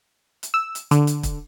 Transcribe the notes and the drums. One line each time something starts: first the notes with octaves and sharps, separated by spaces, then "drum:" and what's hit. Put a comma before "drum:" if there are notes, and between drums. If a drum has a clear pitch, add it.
drum: hi-hat
E6
drum: hi-hat
D3, drum: hi-hat
drum: hi-hat
drum: kick, hi-hat